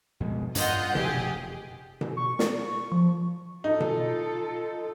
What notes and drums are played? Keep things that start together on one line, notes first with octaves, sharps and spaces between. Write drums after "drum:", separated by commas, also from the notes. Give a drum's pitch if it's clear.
F2 B2 G#3
G2 D4 F4 D#5 F#5 G6, drum: hi-hat
F1 F#2 G4 G#4, drum: tom B2
drum: tom B2
C#6
drum: snare
F3
D#4 F4 A4
drum: tom B2